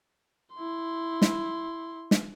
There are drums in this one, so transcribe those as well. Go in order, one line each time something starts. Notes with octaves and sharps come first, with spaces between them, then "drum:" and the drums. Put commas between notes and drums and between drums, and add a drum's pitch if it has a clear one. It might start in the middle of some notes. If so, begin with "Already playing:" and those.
E4 C6
drum: snare
drum: snare